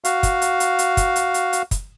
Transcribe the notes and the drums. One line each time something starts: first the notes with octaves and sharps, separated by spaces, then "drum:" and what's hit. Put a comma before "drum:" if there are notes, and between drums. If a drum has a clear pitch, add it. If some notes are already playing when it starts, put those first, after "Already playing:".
F#4 F5, drum: hi-hat
drum: kick, hi-hat
drum: hi-hat
drum: hi-hat
drum: hi-hat
drum: kick, hi-hat
drum: hi-hat
drum: hi-hat
drum: hi-hat
drum: kick, hi-hat